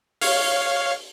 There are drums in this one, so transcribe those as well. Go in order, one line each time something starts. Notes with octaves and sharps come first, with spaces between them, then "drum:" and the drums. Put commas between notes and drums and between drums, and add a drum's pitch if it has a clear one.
C#5 F5, drum: open hi-hat